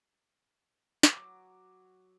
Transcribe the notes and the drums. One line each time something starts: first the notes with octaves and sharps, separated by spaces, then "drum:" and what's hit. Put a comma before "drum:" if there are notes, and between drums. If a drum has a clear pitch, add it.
drum: snare
F#3 D6